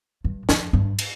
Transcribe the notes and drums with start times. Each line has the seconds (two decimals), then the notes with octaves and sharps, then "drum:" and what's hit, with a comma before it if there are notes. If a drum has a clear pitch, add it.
0.24 G2
0.49 F2, drum: snare
0.73 G2
0.99 drum: cymbal